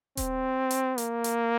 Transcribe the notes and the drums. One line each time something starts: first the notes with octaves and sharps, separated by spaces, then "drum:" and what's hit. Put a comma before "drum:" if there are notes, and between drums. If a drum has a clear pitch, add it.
C4, drum: kick D#1, hi-hat
drum: hi-hat
A#3, drum: hi-hat
drum: hi-hat